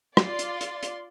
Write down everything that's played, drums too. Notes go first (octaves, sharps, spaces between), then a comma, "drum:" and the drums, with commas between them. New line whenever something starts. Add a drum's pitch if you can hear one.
F4 D5 C6, drum: rim click
drum: hi-hat
drum: hi-hat
drum: hi-hat